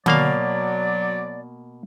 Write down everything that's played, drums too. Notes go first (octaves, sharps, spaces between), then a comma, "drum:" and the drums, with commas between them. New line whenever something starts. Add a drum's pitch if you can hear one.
B2 F#3 A#3 D5 F5, drum: tom D3